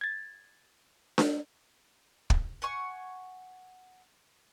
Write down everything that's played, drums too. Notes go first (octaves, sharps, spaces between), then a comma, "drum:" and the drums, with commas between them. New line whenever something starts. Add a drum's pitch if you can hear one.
G#6 A6
drum: snare D4
drum: kick
F#5 G#5 C#6